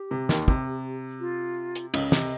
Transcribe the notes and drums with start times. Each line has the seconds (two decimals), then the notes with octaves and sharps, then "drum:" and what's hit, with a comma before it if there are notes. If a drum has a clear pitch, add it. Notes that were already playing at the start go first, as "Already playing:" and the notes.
Already playing: G4
0.11 C3
0.29 D#2 D#3, drum: snare
0.48 C3, drum: kick
1.20 F4
1.75 drum: hi-hat
1.94 C#2 C#3 D#5, drum: cymbal
2.12 C3, drum: snare